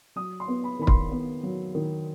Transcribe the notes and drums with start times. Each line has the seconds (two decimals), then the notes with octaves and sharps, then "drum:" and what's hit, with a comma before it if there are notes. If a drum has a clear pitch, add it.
0.16 F#3 D#6
0.40 C6
0.48 B3
0.64 B5
0.79 D#3 B5
0.87 C6, drum: kick
1.11 B3
1.43 F#3
1.75 D#3